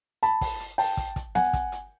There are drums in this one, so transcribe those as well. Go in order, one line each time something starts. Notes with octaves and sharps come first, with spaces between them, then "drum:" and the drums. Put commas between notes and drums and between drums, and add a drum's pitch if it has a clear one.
A5 B5, drum: hi-hat
drum: kick, open hi-hat
drum: hi-hat
G5 A5, drum: open hi-hat
drum: kick, hi-hat
drum: kick, hi-hat
F#5 G#5, drum: snare B3
drum: kick, hi-hat
drum: hi-hat